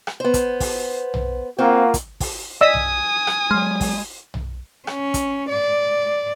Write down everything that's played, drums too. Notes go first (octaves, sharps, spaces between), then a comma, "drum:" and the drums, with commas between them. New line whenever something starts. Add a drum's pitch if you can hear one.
drum: rim click
B3 C5
drum: kick, hi-hat
drum: kick, open hi-hat
drum: tom B1
A#3 C4 F4 F#4
drum: kick, hi-hat
drum: kick, open hi-hat
D5 D#5 G#5 D#6 E6 B6
drum: tom B1
drum: rim click
F#3 G#3 C6 F6
drum: kick, open hi-hat
drum: tom B1
C#4, drum: rim click
drum: kick, hi-hat
D5